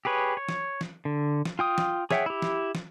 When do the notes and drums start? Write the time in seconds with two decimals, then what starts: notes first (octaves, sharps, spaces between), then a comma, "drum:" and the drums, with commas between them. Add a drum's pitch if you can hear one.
0.05 G4 G#4 B4 C#5
0.37 C#5
0.49 drum: snare
0.81 drum: snare
1.05 D3
1.45 drum: snare
1.59 F4 G5 D#6
1.78 drum: snare
2.11 G#4 C#5 E5 F#5 G5, drum: snare
2.26 E4 G4
2.42 drum: snare
2.75 drum: snare